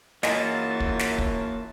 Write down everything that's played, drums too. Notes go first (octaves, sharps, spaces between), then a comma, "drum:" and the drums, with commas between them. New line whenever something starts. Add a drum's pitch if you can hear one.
F#2 E3 A#3 F4 F#4 G#4 D#5 A5, drum: snare
drum: kick
drum: snare
drum: kick